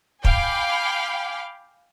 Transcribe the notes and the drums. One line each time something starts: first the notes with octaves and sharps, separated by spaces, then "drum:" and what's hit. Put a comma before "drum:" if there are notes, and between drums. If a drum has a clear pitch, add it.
F5 G5 G#5 B5 D6, drum: kick